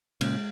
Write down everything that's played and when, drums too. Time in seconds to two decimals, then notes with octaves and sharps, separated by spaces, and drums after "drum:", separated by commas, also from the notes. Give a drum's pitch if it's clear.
0.21 A#2 C#3 G#3, drum: cymbal